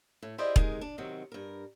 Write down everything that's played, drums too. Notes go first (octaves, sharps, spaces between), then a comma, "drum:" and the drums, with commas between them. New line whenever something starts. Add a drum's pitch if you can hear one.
A2
E4 G4 G#4 C5 D5 D#5
C3 G#3 D#4 G#4 A#4, drum: kick E1
D4
C3 D#3 F#3 C4
G2 A#4